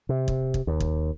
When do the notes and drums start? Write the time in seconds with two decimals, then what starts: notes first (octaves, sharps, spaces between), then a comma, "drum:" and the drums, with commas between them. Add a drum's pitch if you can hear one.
0.09 C3
0.28 drum: kick
0.54 drum: kick
0.67 D#2
0.80 drum: kick